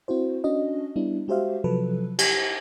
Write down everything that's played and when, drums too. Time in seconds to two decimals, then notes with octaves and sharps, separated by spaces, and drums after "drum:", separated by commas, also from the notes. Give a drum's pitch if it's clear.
0.08 C4 E4 F#4 C5
0.44 C#4 D4 F#4 D#5
0.96 G3 B3 D4 E4
1.28 G#3 F#4 G4 C5 E5 F5
1.64 C3 F3 F#3 A4 B4
2.19 G4, drum: cymbal